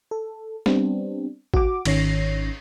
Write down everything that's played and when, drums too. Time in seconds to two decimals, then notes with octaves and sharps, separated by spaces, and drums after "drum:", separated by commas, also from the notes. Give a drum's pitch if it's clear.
0.11 A4
0.66 G3 B3 C4 D4, drum: snare
1.54 F#4 D6, drum: kick A1
1.85 G#1 D#3 C#4 C#5 A#6 C7, drum: cymbal